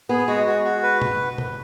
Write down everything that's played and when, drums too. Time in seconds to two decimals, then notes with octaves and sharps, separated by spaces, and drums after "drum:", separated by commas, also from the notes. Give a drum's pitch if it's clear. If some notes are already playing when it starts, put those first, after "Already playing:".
0.09 B3 G#4
0.28 G#3 F#4
0.46 F#4
0.65 F#4
0.83 B4
1.02 drum: tom B2
1.38 drum: tom